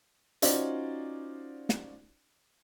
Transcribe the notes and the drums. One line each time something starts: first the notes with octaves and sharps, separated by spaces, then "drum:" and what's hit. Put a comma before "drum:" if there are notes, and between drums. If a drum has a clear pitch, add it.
C#4 D#4 F4 F#4 C5 D5, drum: hi-hat
drum: snare